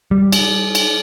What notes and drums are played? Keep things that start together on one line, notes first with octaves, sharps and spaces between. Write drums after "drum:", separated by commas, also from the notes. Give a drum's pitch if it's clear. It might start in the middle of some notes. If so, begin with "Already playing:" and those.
G3
drum: cymbal
drum: cymbal